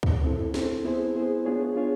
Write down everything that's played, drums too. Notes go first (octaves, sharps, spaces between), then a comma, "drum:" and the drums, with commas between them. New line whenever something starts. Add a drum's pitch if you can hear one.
drum: kick C#2
C4 E4 A4
C4 E4 A4, drum: snare
B3 E4 G#4 C5
B3 E4 G#4 C5
B3 D4 F4 G#4 C#5
B3 D4 F4 G#4 C#5